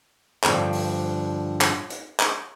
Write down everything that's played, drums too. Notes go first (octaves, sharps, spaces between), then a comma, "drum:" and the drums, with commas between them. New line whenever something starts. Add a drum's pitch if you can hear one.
G2 D3 F3 A3 C5, drum: clap
drum: open hi-hat
drum: clap
drum: hi-hat
drum: clap